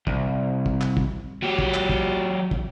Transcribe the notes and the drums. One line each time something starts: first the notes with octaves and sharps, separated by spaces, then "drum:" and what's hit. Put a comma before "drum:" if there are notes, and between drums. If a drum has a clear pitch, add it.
C2, drum: kick
drum: kick
drum: clap
drum: kick
F#3 G4
drum: kick
drum: clap
drum: kick
drum: kick